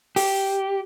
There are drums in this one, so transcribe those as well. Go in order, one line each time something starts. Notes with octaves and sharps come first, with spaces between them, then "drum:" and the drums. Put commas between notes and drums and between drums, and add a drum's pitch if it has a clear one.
G4, drum: open hi-hat